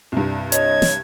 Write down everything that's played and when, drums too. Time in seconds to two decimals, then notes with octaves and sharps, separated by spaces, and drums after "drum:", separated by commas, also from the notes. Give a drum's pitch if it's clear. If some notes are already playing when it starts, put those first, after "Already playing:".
0.12 C2 G2
0.52 C#5 D#5 G#6, drum: hi-hat
0.82 drum: snare